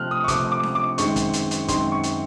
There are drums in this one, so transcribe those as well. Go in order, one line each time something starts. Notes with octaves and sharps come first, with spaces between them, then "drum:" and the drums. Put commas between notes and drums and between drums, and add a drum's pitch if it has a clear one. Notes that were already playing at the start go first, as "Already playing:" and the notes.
Already playing: C3 F3 A3 C4 F6 F#6
D#6
C#6
C3 F3 A3 C4 D6, drum: kick, hi-hat
D6
drum: snare C#4
D6
F#2 D#3 G#3 C4 C#6, drum: hi-hat
drum: kick, hi-hat
drum: hi-hat
drum: hi-hat
F#2 D#3 G#3 C4 C6, drum: kick, hi-hat
C#6
drum: hi-hat